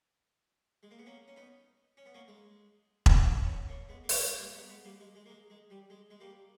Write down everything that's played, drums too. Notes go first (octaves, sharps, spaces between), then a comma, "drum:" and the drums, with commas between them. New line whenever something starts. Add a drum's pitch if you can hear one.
G#3
A#3
B3
A#3 C#4
C#4
B3 D#4
C#4
B3
A#3 C#4
G#3
drum: kick E1
C#4
B3 D#4
A#3 C#4
G#3 B3
A#3
G#3, drum: open hi-hat
G#3
G3 A#3
G#3 B3
G#3 B3
G3 A#3
G#3
G#3
A#3
G#3
G#3
G3
G#3
G#3
G3 A#3